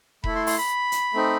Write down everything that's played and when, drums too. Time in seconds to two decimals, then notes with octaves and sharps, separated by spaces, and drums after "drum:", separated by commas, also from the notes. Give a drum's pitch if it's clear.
0.24 A3 E4 A4 B5, drum: kick E1
0.35 C6
0.47 C6, drum: open hi-hat
0.58 B5
0.92 drum: hi-hat
1.14 A3 C4 D#4